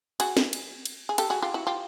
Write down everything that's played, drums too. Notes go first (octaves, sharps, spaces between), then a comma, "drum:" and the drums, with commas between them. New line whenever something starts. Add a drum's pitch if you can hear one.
F#4 G#4, drum: cymbal
drum: snare
drum: cymbal
drum: cymbal
G#4
G4 A4, drum: cymbal
F#4 G#4
F4 G4
E4 F#4
F4 G4